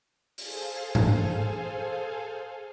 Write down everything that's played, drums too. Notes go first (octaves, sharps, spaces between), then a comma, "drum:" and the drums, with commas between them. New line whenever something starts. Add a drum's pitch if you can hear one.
G#4 A4 C5 F5 G#5, drum: open hi-hat
drum: tom G#2